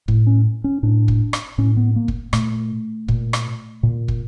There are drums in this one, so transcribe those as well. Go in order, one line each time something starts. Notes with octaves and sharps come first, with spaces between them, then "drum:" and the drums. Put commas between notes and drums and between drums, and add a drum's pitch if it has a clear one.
A2, drum: kick
C#4
C#4
A2 D4
drum: kick
drum: rim click
A2 C#4
B3
A#3
drum: kick
A#2 A3, drum: rim click
A#2, drum: kick
drum: rim click
A#2
drum: kick